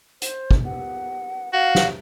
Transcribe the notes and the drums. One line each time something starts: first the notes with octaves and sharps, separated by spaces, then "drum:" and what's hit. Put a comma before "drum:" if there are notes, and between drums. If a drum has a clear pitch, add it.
C5, drum: hi-hat
drum: kick
F#5, drum: cymbal
F#4 F5
drum: snare